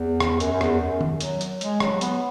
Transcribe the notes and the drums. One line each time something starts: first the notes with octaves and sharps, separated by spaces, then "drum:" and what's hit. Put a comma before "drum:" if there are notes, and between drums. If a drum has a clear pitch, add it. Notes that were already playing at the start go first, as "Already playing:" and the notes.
Already playing: E2
drum: rim click
F#2, drum: hi-hat
F#2
E2, drum: rim click
F#2
drum: tom D#3
F#3, drum: hi-hat
drum: hi-hat
G#3, drum: hi-hat
F#3, drum: rim click
B3, drum: hi-hat